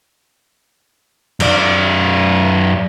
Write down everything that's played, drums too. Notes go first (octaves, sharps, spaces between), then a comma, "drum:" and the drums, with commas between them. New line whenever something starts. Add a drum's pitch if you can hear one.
F#2 D5, drum: cymbal